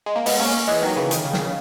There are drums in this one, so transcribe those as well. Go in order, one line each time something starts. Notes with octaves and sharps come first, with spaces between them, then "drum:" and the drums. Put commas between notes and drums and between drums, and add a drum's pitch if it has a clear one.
G#3
A#3
G#3 B3, drum: open hi-hat
A#3 C#4
E3 G#3
D#3 F#3
C#3 E3
D#3, drum: hi-hat
C#3
D#3, drum: snare
C#3